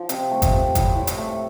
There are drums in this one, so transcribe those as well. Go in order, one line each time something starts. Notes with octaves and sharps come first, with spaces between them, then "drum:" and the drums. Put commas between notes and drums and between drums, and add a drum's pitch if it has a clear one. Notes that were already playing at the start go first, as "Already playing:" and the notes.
Already playing: F3
C3, drum: hi-hat
A3
drum: kick G1, hi-hat
C3
A2, drum: kick G1, hi-hat
A2
drum: hi-hat
A3